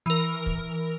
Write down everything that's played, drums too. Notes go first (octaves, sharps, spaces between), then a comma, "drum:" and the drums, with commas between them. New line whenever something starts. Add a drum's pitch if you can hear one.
E3 A#4
drum: kick